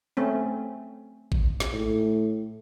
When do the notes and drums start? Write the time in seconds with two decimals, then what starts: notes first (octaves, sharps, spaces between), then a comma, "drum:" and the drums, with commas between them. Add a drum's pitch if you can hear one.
0.17 A3 C4 C#4
1.32 drum: kick A1
1.60 drum: snare
1.73 A2